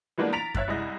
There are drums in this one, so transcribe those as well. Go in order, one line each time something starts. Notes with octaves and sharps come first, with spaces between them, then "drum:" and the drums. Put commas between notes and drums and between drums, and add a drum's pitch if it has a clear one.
E3 G3 G#3 A#3 B3 D4
A#5 A6 B6 D7 F7
C#5 E5 F#6 A6, drum: kick F#2
C2 G#3 E4 D#5